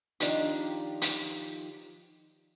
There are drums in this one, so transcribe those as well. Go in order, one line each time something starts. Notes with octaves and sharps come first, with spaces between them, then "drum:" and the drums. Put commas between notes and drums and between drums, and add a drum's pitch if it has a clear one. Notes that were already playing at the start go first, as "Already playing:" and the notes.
D#3 F3 D4 D#4 F4 G4, drum: hi-hat
drum: hi-hat